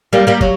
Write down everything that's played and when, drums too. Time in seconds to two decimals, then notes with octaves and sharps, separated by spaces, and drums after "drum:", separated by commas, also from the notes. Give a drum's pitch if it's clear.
0.13 G3 A#3
0.27 G3 A#3
0.41 F#3, drum: kick